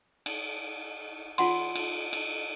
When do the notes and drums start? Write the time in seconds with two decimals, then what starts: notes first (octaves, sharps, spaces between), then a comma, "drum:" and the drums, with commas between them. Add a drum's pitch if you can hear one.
0.26 drum: cymbal
1.38 F4 F#5 C6, drum: cymbal
1.75 drum: cymbal
2.13 drum: cymbal